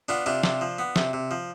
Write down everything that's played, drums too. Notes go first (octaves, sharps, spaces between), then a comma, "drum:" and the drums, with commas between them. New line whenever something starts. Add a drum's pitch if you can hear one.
B3 D4 F4
C3 D4 F4
C3, drum: snare
F3
B3
C3, drum: snare
C3
F3